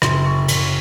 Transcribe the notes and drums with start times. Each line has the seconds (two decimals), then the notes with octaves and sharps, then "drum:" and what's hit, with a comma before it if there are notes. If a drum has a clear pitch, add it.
0.02 F#1 C6, drum: rim click
0.25 C#6
0.48 F#1, drum: cymbal